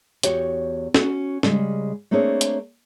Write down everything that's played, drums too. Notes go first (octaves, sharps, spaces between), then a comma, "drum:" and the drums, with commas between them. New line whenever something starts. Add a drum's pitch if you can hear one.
E2 F#4 G4 C#5, drum: hi-hat
C#4 F#4, drum: snare
C#3 G3 G#3, drum: snare
A3 A#3 C4 D4 G#4 C#5
drum: hi-hat